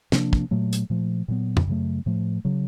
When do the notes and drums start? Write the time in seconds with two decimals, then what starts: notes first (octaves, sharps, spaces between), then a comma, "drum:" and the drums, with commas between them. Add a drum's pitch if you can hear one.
0.12 C3 F3 A#3 D4, drum: snare
0.33 drum: kick
0.51 A#2 F#3 A3
0.73 drum: hi-hat
0.90 A#2 F3 A3
1.28 A#2 F#3 B3
1.57 drum: tom
1.67 F#2 C#3 F#3 A3
2.06 A2 F3 A3
2.45 C#3 F#3